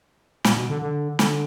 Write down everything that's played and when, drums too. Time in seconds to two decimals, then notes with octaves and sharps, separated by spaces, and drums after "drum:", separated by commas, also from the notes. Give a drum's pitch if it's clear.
0.44 A#2, drum: snare
0.57 B2
0.69 D3
0.82 D3
1.19 D3, drum: snare